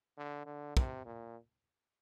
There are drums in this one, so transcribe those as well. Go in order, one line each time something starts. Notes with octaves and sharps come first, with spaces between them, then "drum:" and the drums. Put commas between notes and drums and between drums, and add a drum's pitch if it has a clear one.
D3
D3
C3, drum: kick
A#2